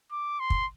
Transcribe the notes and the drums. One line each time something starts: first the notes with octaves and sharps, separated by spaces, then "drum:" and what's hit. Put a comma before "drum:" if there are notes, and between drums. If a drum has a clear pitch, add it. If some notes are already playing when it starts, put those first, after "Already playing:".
D6
C6
drum: kick